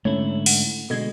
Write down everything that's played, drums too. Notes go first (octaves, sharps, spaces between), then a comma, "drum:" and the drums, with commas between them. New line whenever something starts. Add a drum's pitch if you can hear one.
G#2 D3 A3 C#4 E4 C#5
F#5, drum: open hi-hat
B2 D3 G#3 A4 D#5 G#6